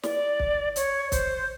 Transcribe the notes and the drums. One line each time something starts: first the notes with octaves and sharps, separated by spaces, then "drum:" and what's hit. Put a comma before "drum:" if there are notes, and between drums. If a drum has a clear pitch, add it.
D5, drum: snare
drum: kick
C#5, drum: hi-hat
C5, drum: kick, hi-hat